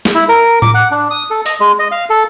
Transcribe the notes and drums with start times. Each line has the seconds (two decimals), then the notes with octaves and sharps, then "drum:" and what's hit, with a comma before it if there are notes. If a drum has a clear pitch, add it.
0.05 drum: snare
0.15 E4
0.29 A#4
0.62 D6, drum: tom A2
0.74 F#5
0.91 D4
1.11 D#6
1.30 A4
1.46 D#5, drum: open hi-hat
1.60 G#3
1.79 D#5
1.91 F5
2.10 A4